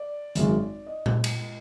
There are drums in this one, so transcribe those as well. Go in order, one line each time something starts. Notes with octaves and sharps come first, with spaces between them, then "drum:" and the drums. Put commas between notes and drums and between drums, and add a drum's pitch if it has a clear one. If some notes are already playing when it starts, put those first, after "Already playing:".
Already playing: D5
G#1 F#2 D#3 G#3, drum: hi-hat
D#5
drum: tom A#2
drum: cymbal